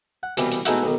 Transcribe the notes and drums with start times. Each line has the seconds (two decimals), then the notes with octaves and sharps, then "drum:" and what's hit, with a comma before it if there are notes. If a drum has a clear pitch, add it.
0.23 F#5
0.37 C2 B2 E3 G3, drum: hi-hat
0.52 drum: hi-hat
0.65 B2 G#3 A3 D#4 E4 F#4, drum: hi-hat
0.83 B1 D#3